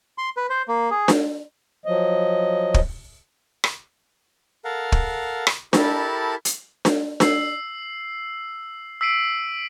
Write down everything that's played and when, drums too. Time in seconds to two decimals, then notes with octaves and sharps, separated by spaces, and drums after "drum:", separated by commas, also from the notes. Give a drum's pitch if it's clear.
0.18 C6
0.37 B4
0.50 C5
0.68 A#3
0.91 G#4
1.08 drum: snare D4
1.86 F3 F#3 D#5
2.74 drum: kick
3.64 drum: rim click
4.65 A4 A#4 F5 F#5
4.92 drum: kick
5.47 drum: rim click
5.73 E4 G4 A4 A#4 A5 B5, drum: snare D4
6.45 drum: hi-hat
6.85 drum: snare D4
7.20 E6 C7, drum: snare D4
9.01 E6 B6 C7 D7 D#7